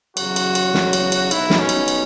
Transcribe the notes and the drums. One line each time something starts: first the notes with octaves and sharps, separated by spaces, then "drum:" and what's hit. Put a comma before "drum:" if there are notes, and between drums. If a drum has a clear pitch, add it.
E2 C#3 F#3 F#4, drum: cymbal
drum: cymbal
drum: cymbal
drum: snare
drum: cymbal
drum: cymbal
B2 F#3 B3 D#4 E4, drum: cymbal
drum: snare
C#4
drum: cymbal
drum: cymbal